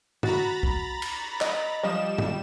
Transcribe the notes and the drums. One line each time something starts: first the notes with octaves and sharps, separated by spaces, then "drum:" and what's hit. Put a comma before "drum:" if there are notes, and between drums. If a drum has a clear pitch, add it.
F#4 A#5 B5 A6, drum: tom G2
drum: kick
drum: cymbal
D#5, drum: clap
F3 G3 D#5 E7
drum: tom G2